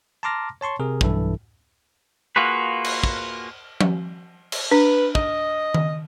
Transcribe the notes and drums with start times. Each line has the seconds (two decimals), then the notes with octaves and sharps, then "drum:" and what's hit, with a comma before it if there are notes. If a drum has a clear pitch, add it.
0.23 A5 A#5 C6 D6 F6 A#6
0.61 C#5 A5 C6 C#6
0.79 C3 G#4 A#4
1.01 B1 G2 E3 E4 A4, drum: kick
2.36 A#3 F4 F#4 G#4 B4
2.84 drum: cymbal
3.03 drum: kick
3.81 drum: tom F3
4.52 drum: cymbal
4.71 D4 B4
5.15 D#5, drum: kick
5.74 drum: tom D#3